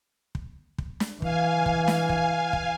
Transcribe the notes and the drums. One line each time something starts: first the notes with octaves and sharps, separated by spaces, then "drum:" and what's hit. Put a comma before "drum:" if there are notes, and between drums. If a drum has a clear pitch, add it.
drum: kick
drum: kick
drum: snare
E3 F5 G#5, drum: kick
drum: kick
drum: snare
drum: kick
drum: kick